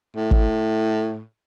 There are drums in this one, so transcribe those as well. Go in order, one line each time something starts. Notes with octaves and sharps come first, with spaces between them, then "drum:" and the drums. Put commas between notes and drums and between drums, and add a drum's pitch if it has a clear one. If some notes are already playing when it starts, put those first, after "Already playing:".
A2
drum: kick